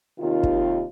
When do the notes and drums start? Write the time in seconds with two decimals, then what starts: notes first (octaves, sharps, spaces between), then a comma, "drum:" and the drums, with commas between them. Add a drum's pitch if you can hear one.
0.20 D#2 C3 D#3 F4
0.43 drum: kick